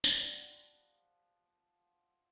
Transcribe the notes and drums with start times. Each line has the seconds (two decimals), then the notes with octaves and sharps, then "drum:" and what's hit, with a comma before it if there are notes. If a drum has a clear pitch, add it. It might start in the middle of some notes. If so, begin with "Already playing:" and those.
0.04 F3 G3 F#5, drum: tambourine